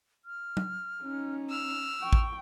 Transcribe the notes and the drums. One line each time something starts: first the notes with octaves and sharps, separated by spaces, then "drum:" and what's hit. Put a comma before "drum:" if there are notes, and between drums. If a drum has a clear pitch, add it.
F6
drum: tom
C#4 D#4
E6 F6
G5 C#6
drum: kick A1